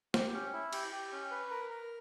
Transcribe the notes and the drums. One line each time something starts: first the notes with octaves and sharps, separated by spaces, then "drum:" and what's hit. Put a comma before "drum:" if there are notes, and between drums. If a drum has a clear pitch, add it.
G4, drum: snare
C#4
E4
G4, drum: cymbal
G4
C#4
B4
A#4
A#4